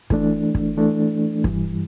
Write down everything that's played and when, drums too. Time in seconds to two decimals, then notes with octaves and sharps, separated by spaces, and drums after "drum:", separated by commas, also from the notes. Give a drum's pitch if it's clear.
0.10 E3 A3 D4, drum: kick
0.55 drum: kick
0.77 E3 A3 D4
1.44 G2 E3 G3, drum: kick